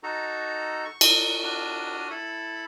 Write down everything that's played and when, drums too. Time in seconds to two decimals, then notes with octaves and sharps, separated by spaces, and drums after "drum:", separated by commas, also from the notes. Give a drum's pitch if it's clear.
0.03 D#4 F#4 A4 A#5
0.85 C#6
1.01 drum: cymbal
1.43 D4 F#4 D#6 F6
2.10 E4 A4 B5